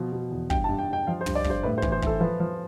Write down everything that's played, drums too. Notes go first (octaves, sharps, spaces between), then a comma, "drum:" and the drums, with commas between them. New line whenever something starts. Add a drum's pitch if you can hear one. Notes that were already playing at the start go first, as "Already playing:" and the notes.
Already playing: B2 F3
B2
E2
G2 G5, drum: kick
A5
G2
G5
G2 G5
F3 F5
C5
G2, drum: tom
D5
G2, drum: kick
C5
A2 B4
C5
E3, drum: kick
C5
E3 A4, drum: kick
F3 B4
F3